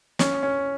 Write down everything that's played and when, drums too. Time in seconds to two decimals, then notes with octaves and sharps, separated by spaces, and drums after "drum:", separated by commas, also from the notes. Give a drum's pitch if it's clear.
0.19 C#4, drum: snare
0.43 C#4